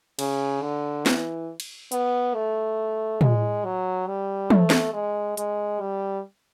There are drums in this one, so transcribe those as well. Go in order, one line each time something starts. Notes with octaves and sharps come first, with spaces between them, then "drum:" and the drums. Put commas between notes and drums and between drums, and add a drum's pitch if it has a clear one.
C#3, drum: cymbal
D3
E3, drum: snare
drum: cymbal
B3, drum: hi-hat
A3
G#3, drum: tom
F#3
G3
A3, drum: tom
drum: snare
G#3
G#3, drum: hi-hat
G3